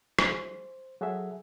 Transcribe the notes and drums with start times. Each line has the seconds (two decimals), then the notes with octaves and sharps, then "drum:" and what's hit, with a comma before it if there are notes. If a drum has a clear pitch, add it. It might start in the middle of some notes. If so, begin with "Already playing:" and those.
0.19 C5, drum: rim click
1.01 F#3 F#4 G#4 A4 E5